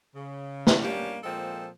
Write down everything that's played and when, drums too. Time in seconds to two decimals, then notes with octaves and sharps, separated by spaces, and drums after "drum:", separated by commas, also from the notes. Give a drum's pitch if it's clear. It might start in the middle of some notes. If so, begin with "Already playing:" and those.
0.15 C#3
0.67 drum: snare
0.82 G3 A#3 C#4 D4 G4
1.24 A#2 F3 G#3 C4 A4